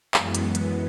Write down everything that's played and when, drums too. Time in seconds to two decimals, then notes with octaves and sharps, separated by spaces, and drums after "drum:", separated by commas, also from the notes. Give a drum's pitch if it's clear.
0.14 F#2 E3 G#3 B3, drum: clap
0.35 drum: hi-hat
0.55 drum: hi-hat